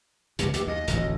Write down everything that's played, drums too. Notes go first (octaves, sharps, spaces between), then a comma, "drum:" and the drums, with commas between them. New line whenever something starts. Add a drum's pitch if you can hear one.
C#2 F#2 B2 G4, drum: hi-hat
D2 G4, drum: hi-hat
D#2 D#5
D1 A1 D2, drum: hi-hat